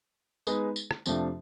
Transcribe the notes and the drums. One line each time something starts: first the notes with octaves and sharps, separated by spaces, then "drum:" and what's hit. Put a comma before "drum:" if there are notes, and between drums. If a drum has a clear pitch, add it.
G#3 B3 D#4 G#4 B4, drum: tambourine
drum: tambourine
drum: rim click
F2 C3 F3 A3 D4, drum: tambourine